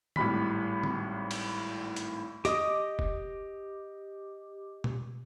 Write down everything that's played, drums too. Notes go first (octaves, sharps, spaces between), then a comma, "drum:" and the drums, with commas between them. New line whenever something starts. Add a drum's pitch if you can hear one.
G#1 A2 G3 B5 B6, drum: tom D3
drum: tom D3
drum: cymbal
drum: hi-hat
G4 D#5 D6 D#6, drum: hi-hat
drum: kick F1
drum: tom B2